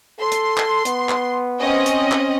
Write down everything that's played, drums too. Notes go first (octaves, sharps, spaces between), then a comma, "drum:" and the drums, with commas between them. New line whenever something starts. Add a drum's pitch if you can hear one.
A4 C6
drum: hi-hat
drum: clap
B3, drum: hi-hat
drum: clap
C4 C#4 D#5
drum: hi-hat
drum: clap